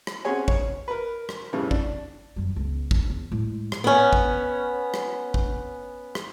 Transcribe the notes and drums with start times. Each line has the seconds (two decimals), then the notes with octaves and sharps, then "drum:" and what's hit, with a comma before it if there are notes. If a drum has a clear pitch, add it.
0.07 drum: rim click
0.25 C4 C#4 F#4 G#4 C#5 G#5
0.48 C#5, drum: kick A1
0.88 A#4 B4
1.29 drum: rim click
1.53 F2 A2 C#3 E3 G3
1.71 D4, drum: kick A1
2.36 F#2 G3
2.56 C#2 B3
2.91 drum: kick A1
3.10 E2
3.32 A2 G#3
3.72 drum: rim click
3.84 B3 C#4
4.13 drum: kick A1
4.94 drum: rim click
5.34 drum: kick A1
6.15 drum: rim click